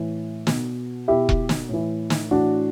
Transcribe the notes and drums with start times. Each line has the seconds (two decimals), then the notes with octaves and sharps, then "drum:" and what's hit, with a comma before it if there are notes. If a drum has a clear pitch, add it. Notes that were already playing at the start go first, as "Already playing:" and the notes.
Already playing: A2 E3
0.47 B2, drum: snare
1.08 B2 E4 G4
1.29 drum: kick E1
1.49 drum: snare
1.69 A2 E3
2.10 drum: snare
2.31 A2 E3 D4 F#4